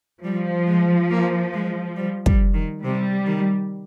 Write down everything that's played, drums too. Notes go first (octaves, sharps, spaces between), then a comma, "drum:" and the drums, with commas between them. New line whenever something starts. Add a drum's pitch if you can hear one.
F3 G3
G#3
A#3
G#3
G3
G3, drum: kick
D#3
C3 G3
D#3